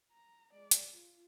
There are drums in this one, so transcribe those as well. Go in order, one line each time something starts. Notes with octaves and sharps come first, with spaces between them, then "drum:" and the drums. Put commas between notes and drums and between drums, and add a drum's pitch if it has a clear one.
A#5
G#3 D5
drum: hi-hat
F4